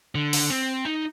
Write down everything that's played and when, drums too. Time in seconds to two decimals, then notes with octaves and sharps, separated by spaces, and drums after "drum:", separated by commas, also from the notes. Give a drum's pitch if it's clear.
0.15 D3
0.33 drum: open hi-hat
0.50 C4
0.85 D#4